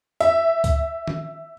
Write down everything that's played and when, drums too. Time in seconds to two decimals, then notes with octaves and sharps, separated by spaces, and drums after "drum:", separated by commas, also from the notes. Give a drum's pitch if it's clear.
0.20 E5, drum: hi-hat
0.64 drum: kick C#2, hi-hat
1.07 drum: tom D#3